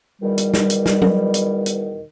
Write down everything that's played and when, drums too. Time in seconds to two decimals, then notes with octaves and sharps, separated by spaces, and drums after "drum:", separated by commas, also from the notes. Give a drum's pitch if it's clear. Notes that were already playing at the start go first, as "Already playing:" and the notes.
0.22 E2 B2 D#3 G3
0.38 drum: hi-hat
0.54 drum: snare
0.70 drum: hi-hat
0.86 drum: snare
1.02 drum: tom F#3
1.34 drum: hi-hat
1.66 drum: hi-hat